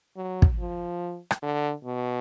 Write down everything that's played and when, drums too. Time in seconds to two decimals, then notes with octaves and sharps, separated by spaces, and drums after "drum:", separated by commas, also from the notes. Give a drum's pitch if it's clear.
0.16 F#3
0.42 drum: kick
0.59 F3
1.31 drum: rim click
1.42 D3
1.85 B2